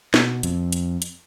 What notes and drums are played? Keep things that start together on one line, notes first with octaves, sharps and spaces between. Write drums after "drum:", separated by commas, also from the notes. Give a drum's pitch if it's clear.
B2, drum: snare
F2, drum: hi-hat
drum: hi-hat
drum: hi-hat